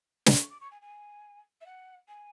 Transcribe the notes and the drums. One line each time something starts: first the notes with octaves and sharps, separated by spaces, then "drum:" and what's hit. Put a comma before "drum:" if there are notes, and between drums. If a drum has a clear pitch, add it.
drum: snare
C#6
D6
C#6
G#5
G#5
E5
F#5
G#5